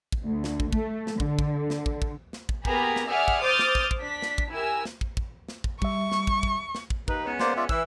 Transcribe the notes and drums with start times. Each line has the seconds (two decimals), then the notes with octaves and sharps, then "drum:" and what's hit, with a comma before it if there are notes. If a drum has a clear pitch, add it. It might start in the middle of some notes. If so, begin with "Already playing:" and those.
0.12 drum: kick
0.24 D2
0.44 drum: snare
0.60 drum: kick
0.73 A3, drum: kick
1.07 drum: snare
1.20 D3, drum: kick
1.39 drum: kick
1.70 drum: snare
1.86 drum: kick
2.02 drum: kick
2.33 drum: snare
2.49 drum: kick
2.65 A#3 B3 G4 G#4 A#5 B5, drum: kick
2.96 drum: snare
3.07 G#4 D5 E5 F#5 D#6 F6
3.28 drum: kick
3.42 C5 D6 D#6 F6 G6 A6
3.59 drum: snare
3.75 drum: kick
3.91 drum: kick
4.00 D4 B6
4.22 drum: snare
4.38 drum: kick
4.51 E4 G4 A#4 G#5 E6
4.85 drum: snare
5.01 drum: kick
5.17 drum: kick
5.49 drum: snare
5.64 drum: kick
5.82 G3 E5 C#6, drum: kick
6.12 drum: snare
6.27 drum: kick
6.43 drum: kick
6.75 drum: snare
6.90 drum: kick
7.08 D#2 D#4 B4, drum: kick
7.25 G#3 B3 C#4
7.39 A#3 C5 D5, drum: snare
7.57 F4 D5 E5
7.69 E3 E6, drum: kick